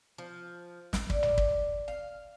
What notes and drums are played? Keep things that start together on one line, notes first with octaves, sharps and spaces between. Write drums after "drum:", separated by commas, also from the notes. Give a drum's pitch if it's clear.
F3
drum: snare
D5, drum: kick
drum: tom
drum: kick
F5